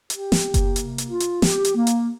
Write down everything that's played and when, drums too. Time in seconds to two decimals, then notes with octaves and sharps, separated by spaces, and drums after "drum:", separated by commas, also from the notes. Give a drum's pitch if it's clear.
0.10 G4, drum: hi-hat
0.32 drum: snare
0.42 A#3
0.54 drum: kick F#1, hi-hat
0.76 C3, drum: hi-hat
0.98 drum: hi-hat
1.09 F4
1.20 drum: hi-hat
1.42 G4, drum: snare
1.65 drum: hi-hat
1.75 A#3
1.87 drum: hi-hat